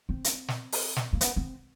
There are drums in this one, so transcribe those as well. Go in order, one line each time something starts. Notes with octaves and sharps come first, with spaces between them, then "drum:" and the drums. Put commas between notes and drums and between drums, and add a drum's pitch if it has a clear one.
C4
drum: hi-hat
drum: snare
drum: open hi-hat
drum: snare
A#3
B3, drum: hi-hat
C4